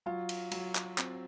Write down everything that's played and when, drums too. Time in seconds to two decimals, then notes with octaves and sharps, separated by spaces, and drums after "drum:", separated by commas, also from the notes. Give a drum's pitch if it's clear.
0.06 F#3 F4
0.29 drum: cymbal
0.52 F#3, drum: cymbal
0.75 drum: clap
0.98 C4, drum: clap